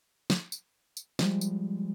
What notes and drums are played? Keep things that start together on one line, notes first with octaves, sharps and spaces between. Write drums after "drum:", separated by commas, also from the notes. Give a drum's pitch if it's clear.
drum: snare
drum: tambourine
drum: tambourine
F3 G3 G#3, drum: snare
drum: tambourine